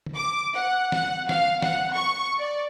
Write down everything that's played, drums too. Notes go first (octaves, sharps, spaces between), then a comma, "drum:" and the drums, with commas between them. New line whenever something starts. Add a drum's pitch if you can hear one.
drum: tom
D6
F#5
F#5, drum: snare
F5, drum: snare
F#5, drum: snare
C#6
D5